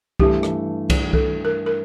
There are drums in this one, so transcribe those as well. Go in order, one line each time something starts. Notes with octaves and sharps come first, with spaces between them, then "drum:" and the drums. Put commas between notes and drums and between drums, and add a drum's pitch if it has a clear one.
G2 E3 A3 G4, drum: kick C2
drum: rim click
drum: kick C2, cymbal
A4, drum: kick C2
A#4
A#4